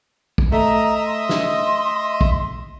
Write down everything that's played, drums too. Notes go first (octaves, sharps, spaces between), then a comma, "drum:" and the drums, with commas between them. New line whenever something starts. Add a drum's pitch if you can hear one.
drum: kick
A3 D#5 E5 A#5
C6
drum: snare
drum: kick